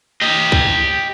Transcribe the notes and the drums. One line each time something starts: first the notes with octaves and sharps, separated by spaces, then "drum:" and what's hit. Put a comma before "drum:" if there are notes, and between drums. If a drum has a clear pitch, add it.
G4 D#5
drum: kick